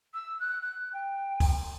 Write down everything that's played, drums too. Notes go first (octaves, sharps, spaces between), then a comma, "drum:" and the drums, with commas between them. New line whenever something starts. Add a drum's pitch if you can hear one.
E6
F#6
F#6
G5
drum: kick D2, open hi-hat